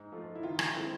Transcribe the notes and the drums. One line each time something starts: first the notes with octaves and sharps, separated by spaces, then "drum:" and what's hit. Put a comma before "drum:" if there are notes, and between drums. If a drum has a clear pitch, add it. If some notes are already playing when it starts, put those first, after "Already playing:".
Already playing: G#2 D#4
F3 A3
E4
D#3 F4
drum: rim click
G#3 C4 E4 A4